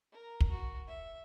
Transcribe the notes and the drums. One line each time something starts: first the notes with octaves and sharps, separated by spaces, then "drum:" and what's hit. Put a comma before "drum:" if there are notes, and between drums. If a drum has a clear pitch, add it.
A#4 A#5
drum: kick
F#4
E5